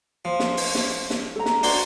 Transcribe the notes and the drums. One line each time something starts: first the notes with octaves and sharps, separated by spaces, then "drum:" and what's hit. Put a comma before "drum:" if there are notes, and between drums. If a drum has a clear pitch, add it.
F3
drum: snare
drum: open hi-hat
drum: snare
drum: snare
A4 A#5
drum: snare
D4 F#4 C6, drum: open hi-hat